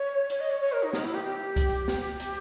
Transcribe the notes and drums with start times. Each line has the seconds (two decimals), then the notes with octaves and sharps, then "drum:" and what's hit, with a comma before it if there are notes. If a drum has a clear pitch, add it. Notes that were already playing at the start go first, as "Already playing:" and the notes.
Already playing: C#5
0.30 C#5, drum: hi-hat
0.40 D#5
0.51 C#5
0.61 C#5
0.72 A#4
0.83 D#4
0.93 D#4, drum: snare
1.03 E4
1.14 G4
1.24 G4
1.56 drum: kick C2, hi-hat
1.88 G4, drum: snare
2.20 drum: hi-hat